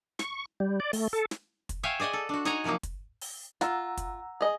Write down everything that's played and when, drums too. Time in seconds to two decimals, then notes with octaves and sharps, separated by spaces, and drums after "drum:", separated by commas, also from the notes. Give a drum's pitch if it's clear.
0.19 C#6, drum: snare
0.60 G3
0.80 D5
0.93 A3, drum: open hi-hat
1.13 A4
1.31 drum: snare
1.69 drum: kick, hi-hat
1.83 C#5 E5 F5 G5 G#5
2.00 G#4 D5 D#5 F#5 G#5
2.13 A4
2.29 D4 F#4
2.45 D#4 C#5 D#5 F#5 G#5 A#5, drum: snare
2.64 C3 F3 F#3 A#3 D#4
2.83 drum: kick, hi-hat
3.21 drum: open hi-hat
3.61 F4 F#5 A#5 E6, drum: snare
3.97 drum: kick, hi-hat
4.41 G#4 D#5